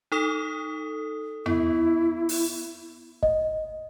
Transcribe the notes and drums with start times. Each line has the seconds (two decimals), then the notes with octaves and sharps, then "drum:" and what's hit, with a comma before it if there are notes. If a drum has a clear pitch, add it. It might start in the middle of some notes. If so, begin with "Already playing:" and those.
0.12 D#4 A4 D#6
1.46 B3 E4, drum: tom E2
2.29 drum: open hi-hat
3.23 D#5, drum: kick